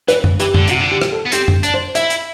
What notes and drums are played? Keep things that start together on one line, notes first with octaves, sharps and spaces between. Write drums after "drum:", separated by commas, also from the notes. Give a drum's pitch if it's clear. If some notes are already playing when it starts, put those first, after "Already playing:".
E3 B4, drum: hi-hat
drum: tom F#2
E3 G4, drum: hi-hat
D3, drum: tom F#2
C3 F#4, drum: hi-hat
D3
G4
drum: rim click
A4
B3
C4 G4, drum: hi-hat
drum: tom F#2
D4, drum: hi-hat
C5
E4 E5, drum: hi-hat
drum: hi-hat